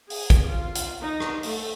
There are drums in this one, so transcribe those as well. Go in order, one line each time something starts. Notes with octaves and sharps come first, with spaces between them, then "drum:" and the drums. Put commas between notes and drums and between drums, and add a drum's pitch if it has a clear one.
G#4, drum: open hi-hat
drum: kick, hi-hat
F4
drum: hi-hat
D#4
drum: rim click
A3, drum: open hi-hat